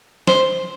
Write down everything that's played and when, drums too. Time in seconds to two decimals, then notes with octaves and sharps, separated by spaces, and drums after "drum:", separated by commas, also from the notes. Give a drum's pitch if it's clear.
0.27 C5, drum: snare